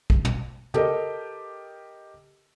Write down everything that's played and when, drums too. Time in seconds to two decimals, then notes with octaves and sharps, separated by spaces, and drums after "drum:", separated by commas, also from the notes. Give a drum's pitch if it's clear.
0.10 drum: kick
0.25 drum: tom
0.74 G4 A4 A#4 D#5, drum: tom